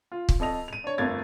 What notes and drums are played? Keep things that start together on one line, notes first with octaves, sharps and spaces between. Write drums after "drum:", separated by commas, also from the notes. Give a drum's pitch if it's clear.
F4
drum: kick
F2 A4 D#5 F7
D#7 F7
D4 C#5
G1 F2 A3 A#4 G#6 A6